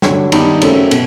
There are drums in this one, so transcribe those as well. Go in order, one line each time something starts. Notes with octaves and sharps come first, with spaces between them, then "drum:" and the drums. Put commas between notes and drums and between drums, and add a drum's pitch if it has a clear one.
G2 D3 F#3, drum: snare
G2 D#3 G3 B3 D#4, drum: cymbal
F#2 C#3 F#3 A3 C4, drum: cymbal
B2, drum: cymbal